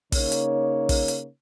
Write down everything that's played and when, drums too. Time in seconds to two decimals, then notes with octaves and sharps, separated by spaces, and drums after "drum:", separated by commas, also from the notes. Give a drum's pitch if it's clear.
0.12 C#3 A#3 D#4 C#5, drum: kick, open hi-hat
0.32 drum: hi-hat
0.89 drum: kick, open hi-hat
1.08 drum: hi-hat